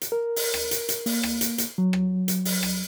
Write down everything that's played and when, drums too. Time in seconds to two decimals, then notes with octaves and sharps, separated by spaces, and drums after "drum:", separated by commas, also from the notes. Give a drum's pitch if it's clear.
0.01 drum: hi-hat
0.12 A#4
0.36 drum: open hi-hat
0.54 drum: rim click
0.71 drum: hi-hat
0.89 drum: hi-hat
1.06 A#3, drum: open hi-hat
1.23 drum: rim click
1.41 drum: hi-hat
1.58 drum: hi-hat
1.78 F#3
1.93 drum: rim click
2.28 drum: hi-hat
2.45 drum: open hi-hat
2.63 drum: rim click